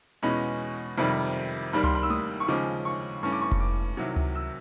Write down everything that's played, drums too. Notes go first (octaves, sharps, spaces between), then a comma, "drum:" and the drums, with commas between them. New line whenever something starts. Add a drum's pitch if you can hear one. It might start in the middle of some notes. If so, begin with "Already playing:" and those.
E2 B2 G#3 C#4 B5
F2 C3 D#3 G3 B5
D#2 D#3 G3 A#3 B5
C6, drum: tom C#2
B5
E6
D#6, drum: tom A3
C#6
D#2 C#3 F3 G#3 C#4 D6
C#6
G2 E3 A3 C#4 C#6
D6
C#6
C#6, drum: kick F1
D6
C2 C3 D#3 F#3
drum: tom C#2
E6